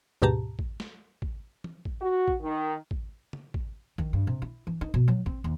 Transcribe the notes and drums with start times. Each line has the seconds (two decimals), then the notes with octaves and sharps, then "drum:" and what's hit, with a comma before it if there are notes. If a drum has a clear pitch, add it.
0.22 D2 G#2 B2 G4 A5 A#5
0.59 drum: kick
0.80 drum: snare
1.22 drum: kick
1.64 drum: tom E3
1.85 drum: kick
2.01 F#4
2.28 drum: kick
2.41 D#3
2.91 drum: kick
3.33 drum: tom
3.54 drum: kick
3.98 D#3, drum: kick
4.13 G2
4.27 C3
4.42 E4
4.67 E3
4.81 D#4
4.94 B2
5.08 F#3
5.26 C4, drum: kick
5.44 D#2